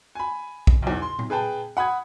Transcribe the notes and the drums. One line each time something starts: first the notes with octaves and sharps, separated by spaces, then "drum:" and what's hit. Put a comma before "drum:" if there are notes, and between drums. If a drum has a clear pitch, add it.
G#5 B5
drum: kick B1
B1 E2
C6
drum: tom
G#4 B4 G5 A5
F#5 B5 D#6 G#6